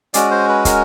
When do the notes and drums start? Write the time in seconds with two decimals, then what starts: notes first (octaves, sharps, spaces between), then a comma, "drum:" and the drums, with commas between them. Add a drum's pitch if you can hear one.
0.14 G#3 C#4 F#4 D5, drum: hi-hat
0.31 C5
0.48 B4
0.65 A#4, drum: kick, hi-hat